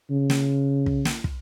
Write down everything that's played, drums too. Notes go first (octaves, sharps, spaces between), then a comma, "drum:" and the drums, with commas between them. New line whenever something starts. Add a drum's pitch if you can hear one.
C#3
drum: snare
drum: kick
drum: snare
drum: kick